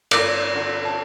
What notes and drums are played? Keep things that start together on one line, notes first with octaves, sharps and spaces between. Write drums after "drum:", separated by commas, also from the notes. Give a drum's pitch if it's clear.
G1 D5 D6, drum: cymbal
D3
A5